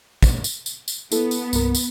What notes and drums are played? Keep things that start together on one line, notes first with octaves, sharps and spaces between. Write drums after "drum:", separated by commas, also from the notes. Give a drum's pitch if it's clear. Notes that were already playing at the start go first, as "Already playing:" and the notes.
drum: kick, tambourine
drum: tambourine
drum: tambourine
drum: tambourine
B3 E4 A4, drum: tambourine
drum: tambourine
C2 G2 A#4, drum: tambourine
drum: tambourine